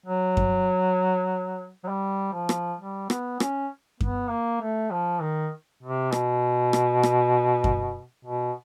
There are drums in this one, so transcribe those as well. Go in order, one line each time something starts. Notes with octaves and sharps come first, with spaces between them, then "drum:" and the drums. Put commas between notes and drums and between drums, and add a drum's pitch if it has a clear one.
F#3
drum: kick F#2
F#3
G3
F3
drum: rim click
G3
B3, drum: rim click
C#4, drum: rim click
B3, drum: kick F#2
A#3
A3
F3
D#3
C3
B2, drum: rim click
drum: rim click
drum: rim click
drum: kick F#2
B2